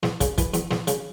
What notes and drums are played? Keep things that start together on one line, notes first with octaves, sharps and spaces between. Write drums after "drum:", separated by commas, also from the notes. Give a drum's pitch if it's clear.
E2, drum: snare
C#3, drum: kick, hi-hat
E3, drum: kick, hi-hat
E2, drum: hi-hat
E2, drum: snare
C#3, drum: hi-hat